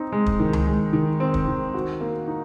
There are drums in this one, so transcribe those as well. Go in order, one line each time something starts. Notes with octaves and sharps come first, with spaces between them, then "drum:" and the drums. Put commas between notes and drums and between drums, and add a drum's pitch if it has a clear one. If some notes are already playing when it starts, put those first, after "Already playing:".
Already playing: C4 D#4
G#3
drum: kick
D#3
drum: tom C#2
G#3
D#3
C4
drum: kick
D#3
F#4
A#3
D#4